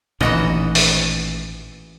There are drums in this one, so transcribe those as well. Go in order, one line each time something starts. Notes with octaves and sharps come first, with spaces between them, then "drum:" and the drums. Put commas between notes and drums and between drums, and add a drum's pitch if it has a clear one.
A1 A#2 D#3 E3 F#4 D#5
drum: open hi-hat